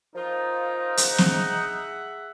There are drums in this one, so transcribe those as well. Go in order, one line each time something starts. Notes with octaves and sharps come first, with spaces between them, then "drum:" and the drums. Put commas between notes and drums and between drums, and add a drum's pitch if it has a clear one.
F3 D#4 F4 A#4
G#4 E5 F#5, drum: hi-hat
drum: snare